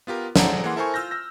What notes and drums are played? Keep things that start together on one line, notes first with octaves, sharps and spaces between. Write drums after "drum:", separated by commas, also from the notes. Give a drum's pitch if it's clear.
B3 F4 G4 A#4
G#4 A4 C5 D5 F#5 A#5, drum: snare
E3 A#3 G#4 F#5 C6
E4 A4 A#4 C5 G#5 C#6
F4 E6 F6 G6 A#6
E6 A#6